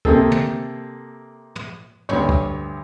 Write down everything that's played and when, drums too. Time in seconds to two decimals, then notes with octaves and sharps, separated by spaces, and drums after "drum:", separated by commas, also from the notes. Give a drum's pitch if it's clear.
0.05 C3 A#3 C4 G#4 A4, drum: kick
0.31 drum: tom
1.55 drum: tom
2.09 D2 G2 C#5, drum: tom
2.29 drum: kick